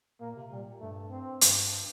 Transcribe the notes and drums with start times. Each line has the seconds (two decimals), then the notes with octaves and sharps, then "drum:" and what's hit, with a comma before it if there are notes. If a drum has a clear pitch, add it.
0.21 A#2 A#3
0.35 C3
0.51 A#2 G3
0.66 A#2
0.80 G2 A3
1.10 C4
1.41 G2, drum: hi-hat